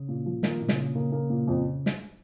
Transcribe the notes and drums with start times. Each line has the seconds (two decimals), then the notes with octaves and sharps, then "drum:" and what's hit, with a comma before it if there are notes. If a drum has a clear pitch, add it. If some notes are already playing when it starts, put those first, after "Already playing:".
Already playing: C#3
0.09 A#2
0.26 F3
0.43 D#3 A#3, drum: snare
0.60 A#2
0.68 C#3, drum: snare
0.78 A#2
0.95 C#3 A#3
1.12 A#3
1.30 A#2
1.47 F2
1.86 drum: snare